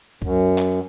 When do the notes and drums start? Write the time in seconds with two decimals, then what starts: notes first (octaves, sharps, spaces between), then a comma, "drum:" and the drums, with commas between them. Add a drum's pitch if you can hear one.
0.22 F#2, drum: kick
0.58 drum: clap